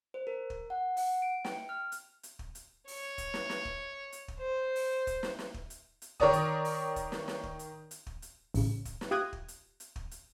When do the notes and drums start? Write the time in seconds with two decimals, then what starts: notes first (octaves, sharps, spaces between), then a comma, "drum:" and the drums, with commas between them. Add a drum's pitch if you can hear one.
0.14 C5
0.27 A#4
0.50 drum: kick
0.70 F#5
0.97 F#5, drum: open hi-hat
1.22 D7
1.45 G5, drum: snare
1.69 F6
1.92 drum: hi-hat
2.23 drum: hi-hat
2.39 drum: kick
2.55 drum: hi-hat
2.88 C#5, drum: open hi-hat
3.18 drum: kick, hi-hat
3.34 drum: snare
3.49 drum: snare
3.65 drum: kick
4.12 drum: hi-hat
4.28 drum: kick
4.39 C5
4.76 drum: open hi-hat
5.07 drum: kick, hi-hat
5.23 drum: snare
5.39 drum: snare
5.54 drum: kick
5.70 drum: hi-hat
6.02 drum: hi-hat
6.20 D#3 A#4 C#5 D5 D#6, drum: kick
6.33 drum: hi-hat
6.65 drum: open hi-hat
6.96 drum: kick, hi-hat
7.12 drum: snare
7.28 drum: snare
7.43 drum: kick
7.59 drum: hi-hat
7.91 drum: hi-hat
8.07 drum: kick
8.22 drum: hi-hat
8.54 A1 C#3, drum: open hi-hat
8.85 drum: kick, hi-hat
9.01 drum: snare
9.11 F4 G4 D#6 F#6 G#6 A#6
9.33 drum: kick
9.48 drum: hi-hat
9.80 drum: hi-hat
9.96 drum: kick
10.11 drum: hi-hat